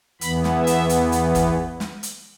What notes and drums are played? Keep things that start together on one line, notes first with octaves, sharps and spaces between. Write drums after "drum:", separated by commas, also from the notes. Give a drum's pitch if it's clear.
E2 E3 B3 B5, drum: hi-hat
drum: snare
E5
drum: hi-hat
drum: hi-hat
drum: hi-hat
drum: kick, hi-hat
drum: snare
drum: hi-hat